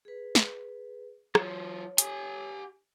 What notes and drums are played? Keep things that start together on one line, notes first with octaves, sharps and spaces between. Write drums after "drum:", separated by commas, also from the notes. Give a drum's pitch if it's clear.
G#4 B4
drum: snare
F#3 F4 C#5, drum: rim click
G4 G#5, drum: hi-hat